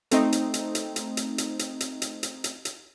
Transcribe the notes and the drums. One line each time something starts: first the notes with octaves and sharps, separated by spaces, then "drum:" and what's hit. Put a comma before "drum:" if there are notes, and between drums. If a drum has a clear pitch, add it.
A3 C4 D#4, drum: hi-hat
drum: hi-hat
drum: hi-hat
drum: hi-hat
drum: hi-hat
drum: hi-hat
drum: hi-hat
drum: hi-hat
drum: hi-hat
drum: hi-hat
drum: hi-hat
drum: hi-hat
drum: hi-hat